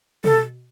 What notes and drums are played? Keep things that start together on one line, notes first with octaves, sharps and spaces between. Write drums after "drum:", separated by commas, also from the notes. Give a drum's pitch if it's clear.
A4, drum: tom